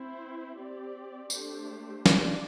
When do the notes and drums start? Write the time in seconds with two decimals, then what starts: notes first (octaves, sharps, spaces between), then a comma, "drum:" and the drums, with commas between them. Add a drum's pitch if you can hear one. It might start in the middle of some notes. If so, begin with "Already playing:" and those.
Already playing: C4 E4 C5
0.56 C4 G4 D5
1.30 A3 D4 G4 C5, drum: tambourine
2.06 G3 D4 G4 D5, drum: snare